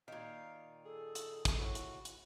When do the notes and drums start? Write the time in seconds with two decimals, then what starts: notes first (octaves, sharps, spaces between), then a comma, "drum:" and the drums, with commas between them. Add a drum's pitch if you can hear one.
0.08 A#2 D#3 F5
0.85 G#4 A4
1.15 drum: hi-hat
1.45 drum: kick, hi-hat
1.58 A2 F#4
1.75 drum: hi-hat
2.05 drum: hi-hat